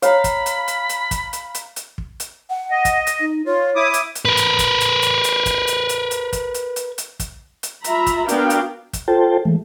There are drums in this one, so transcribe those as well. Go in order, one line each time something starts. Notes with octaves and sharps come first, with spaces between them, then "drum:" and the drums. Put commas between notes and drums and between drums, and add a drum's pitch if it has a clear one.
C#5 F5 A#5 B5, drum: hi-hat
drum: kick, hi-hat
drum: hi-hat
drum: hi-hat
drum: hi-hat
drum: kick, hi-hat
drum: hi-hat
drum: hi-hat
drum: hi-hat
drum: kick
drum: hi-hat
F#5
D#5
drum: kick, hi-hat
drum: hi-hat
D#4
F4 C#5
E4 D6 D#6
drum: hi-hat
drum: hi-hat
A#4 B4
drum: hi-hat
drum: kick, hi-hat
drum: hi-hat
drum: hi-hat
drum: hi-hat
drum: kick, hi-hat
drum: hi-hat
drum: hi-hat
drum: hi-hat
drum: kick, hi-hat
drum: hi-hat
drum: hi-hat
drum: hi-hat
drum: kick, hi-hat
drum: hi-hat
F4 E5 A#5 B5, drum: hi-hat
drum: kick, hi-hat
B3 D4 F#4 A#4 F5 G5, drum: hi-hat
drum: hi-hat
drum: kick, hi-hat
F4 A4 C5 G5 A5
E3 G#3 A3